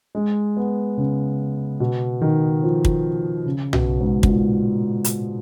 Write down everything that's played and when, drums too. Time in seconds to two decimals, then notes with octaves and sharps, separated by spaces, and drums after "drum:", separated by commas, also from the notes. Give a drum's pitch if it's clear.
0.15 G#3
0.57 B3
0.97 C#3
1.80 B2
2.21 D#3
2.63 F3
2.85 drum: kick
3.46 C#3
3.73 B2, drum: tom
4.00 G#2
4.23 G#2, drum: kick
4.29 A#2
5.04 drum: hi-hat